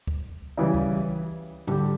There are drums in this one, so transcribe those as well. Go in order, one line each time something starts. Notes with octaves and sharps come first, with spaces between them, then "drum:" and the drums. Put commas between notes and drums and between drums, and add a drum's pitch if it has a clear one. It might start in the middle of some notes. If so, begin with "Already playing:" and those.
drum: kick C#2
C#3 E3 G3
drum: kick C#2
D3 G3 D4 G4, drum: tom G#2